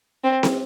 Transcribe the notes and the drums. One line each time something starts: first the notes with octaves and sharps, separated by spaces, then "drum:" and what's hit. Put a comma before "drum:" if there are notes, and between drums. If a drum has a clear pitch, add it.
C4
drum: snare